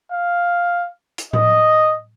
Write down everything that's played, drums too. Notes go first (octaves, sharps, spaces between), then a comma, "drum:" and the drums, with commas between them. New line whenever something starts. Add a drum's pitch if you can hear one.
F5
drum: hi-hat
D#5, drum: tom A2